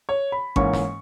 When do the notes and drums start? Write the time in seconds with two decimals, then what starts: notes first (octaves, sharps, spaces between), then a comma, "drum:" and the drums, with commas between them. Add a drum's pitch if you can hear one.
0.09 C#5
0.32 B5
0.56 G#2 E3 A#3 C#4 C#6, drum: kick G#1
0.73 drum: snare